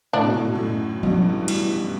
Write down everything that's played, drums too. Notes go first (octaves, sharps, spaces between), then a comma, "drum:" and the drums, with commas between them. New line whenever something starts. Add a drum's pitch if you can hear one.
A2 D4
B2
A2
B2
F#2 A2
G2 B2, drum: tom F3
E3 G3, drum: cymbal